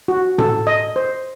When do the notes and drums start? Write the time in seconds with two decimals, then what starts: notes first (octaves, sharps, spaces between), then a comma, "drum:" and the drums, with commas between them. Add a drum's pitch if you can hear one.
0.08 F#4
0.38 A4, drum: tom A2
0.67 D#5
0.96 C5